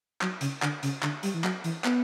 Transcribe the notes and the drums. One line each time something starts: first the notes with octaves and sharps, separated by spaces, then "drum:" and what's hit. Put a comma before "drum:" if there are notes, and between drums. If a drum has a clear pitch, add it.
F#3, drum: clap
C#3, drum: hi-hat
D3, drum: clap
C#3, drum: hi-hat
D3, drum: clap
G3, drum: hi-hat
E3
F#3, drum: clap
E3, drum: hi-hat
B3, drum: clap